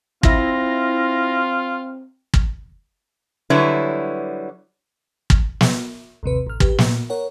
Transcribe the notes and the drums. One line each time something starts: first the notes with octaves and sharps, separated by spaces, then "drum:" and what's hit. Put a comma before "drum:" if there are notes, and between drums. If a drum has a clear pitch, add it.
C4 E4 F4 A#6, drum: kick
drum: kick
D3 F#3 G3 E4 B4 C#5
drum: kick
drum: snare
A1 D#2 C3 B4
A1 F6
G4 B4, drum: kick
A#2, drum: snare
A#4 C#5 F#5